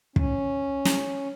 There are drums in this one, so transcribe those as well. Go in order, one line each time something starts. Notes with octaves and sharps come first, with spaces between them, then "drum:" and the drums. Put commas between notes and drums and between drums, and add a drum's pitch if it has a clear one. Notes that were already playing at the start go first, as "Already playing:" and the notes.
C#4, drum: kick
drum: snare